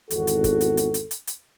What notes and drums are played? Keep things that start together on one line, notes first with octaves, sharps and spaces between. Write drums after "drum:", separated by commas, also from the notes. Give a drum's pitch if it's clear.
G#1 E2 F#4 A4, drum: hi-hat
drum: hi-hat
drum: kick, hi-hat
drum: hi-hat
drum: hi-hat
drum: hi-hat
drum: hi-hat
drum: hi-hat